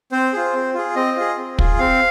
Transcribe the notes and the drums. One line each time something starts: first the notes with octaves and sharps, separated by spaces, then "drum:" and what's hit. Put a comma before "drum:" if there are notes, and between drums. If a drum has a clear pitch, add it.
C4 C5
F4 G#4
C4
F4 G#4
C4 D#5
F4 G#4
C4
F4 G#4, drum: kick
C4 F5